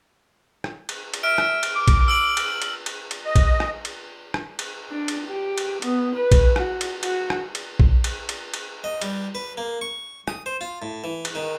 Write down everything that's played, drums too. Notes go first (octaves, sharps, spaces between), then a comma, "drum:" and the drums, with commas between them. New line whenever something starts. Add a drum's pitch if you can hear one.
drum: rim click
drum: cymbal
drum: cymbal
E5 F6 D7
drum: rim click
drum: cymbal
D6
drum: kick A#1, cymbal
E6 D7 F#7
drum: cymbal
drum: cymbal
drum: cymbal
drum: cymbal
D#5
drum: kick A#1, cymbal
drum: rim click
drum: cymbal
drum: rim click
drum: cymbal
D4
drum: cymbal
G4
drum: cymbal
B3, drum: cymbal
B4
drum: kick A#1, cymbal
F#4, drum: rim click
drum: cymbal
F#4, drum: cymbal
drum: rim click
drum: cymbal
drum: kick A#1
drum: cymbal
drum: cymbal
drum: cymbal
D#5
G3, drum: cymbal
B4
A#3
C#6
D#6, drum: rim click
C5
F4
A2
E3
drum: cymbal
D#3